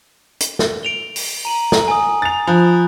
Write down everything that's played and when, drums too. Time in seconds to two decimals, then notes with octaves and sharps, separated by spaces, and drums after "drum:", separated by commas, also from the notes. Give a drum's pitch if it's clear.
0.40 drum: hi-hat
0.59 drum: snare
0.83 D7 F7 G7
1.16 drum: open hi-hat
1.45 A#5 D#7 F#7
1.72 drum: snare
1.88 G#5 D#6
2.22 A6 F7
2.47 F3 B5 F#6